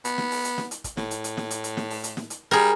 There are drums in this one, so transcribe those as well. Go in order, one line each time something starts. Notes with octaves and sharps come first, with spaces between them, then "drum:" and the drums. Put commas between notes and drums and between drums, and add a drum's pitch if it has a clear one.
B3, drum: hi-hat
drum: snare
drum: open hi-hat
drum: hi-hat
drum: snare
drum: hi-hat
drum: kick, hi-hat
A2, drum: snare
drum: hi-hat
drum: hi-hat
drum: snare
drum: hi-hat
drum: hi-hat
drum: snare
drum: open hi-hat
drum: hi-hat
drum: snare
drum: hi-hat
G3 G#4 A#4